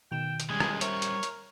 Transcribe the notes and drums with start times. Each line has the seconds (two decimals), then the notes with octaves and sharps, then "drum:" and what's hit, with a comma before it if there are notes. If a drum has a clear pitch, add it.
0.12 B2 D#3 G5 E7
0.40 drum: hi-hat
0.50 G3 G#3 C#4 G#5
0.60 drum: rim click
0.81 A#4 C5 C#5 E5, drum: hi-hat
1.02 drum: hi-hat
1.23 drum: hi-hat